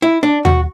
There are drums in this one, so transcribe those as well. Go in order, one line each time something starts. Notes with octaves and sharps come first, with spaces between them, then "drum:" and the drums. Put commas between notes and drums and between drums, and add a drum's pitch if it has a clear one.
E4
D4
F#4, drum: tom D#2